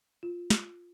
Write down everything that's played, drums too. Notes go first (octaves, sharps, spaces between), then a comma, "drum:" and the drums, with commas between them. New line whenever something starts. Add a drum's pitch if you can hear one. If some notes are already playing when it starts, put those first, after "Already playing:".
F4
drum: snare